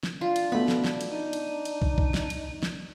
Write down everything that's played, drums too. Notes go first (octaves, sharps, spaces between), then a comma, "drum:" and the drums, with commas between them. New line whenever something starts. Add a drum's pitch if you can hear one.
drum: snare
D4 F4
drum: cymbal
B2 A3 B3 B5
drum: snare
drum: snare
drum: cymbal
D#4
drum: cymbal
drum: cymbal
drum: kick
drum: kick
drum: snare
drum: cymbal
drum: snare